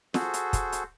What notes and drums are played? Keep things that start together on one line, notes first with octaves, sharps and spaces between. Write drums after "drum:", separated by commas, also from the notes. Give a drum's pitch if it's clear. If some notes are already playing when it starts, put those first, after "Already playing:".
F#4 G#4 A4 C5, drum: snare
drum: hi-hat
drum: kick, hi-hat
drum: hi-hat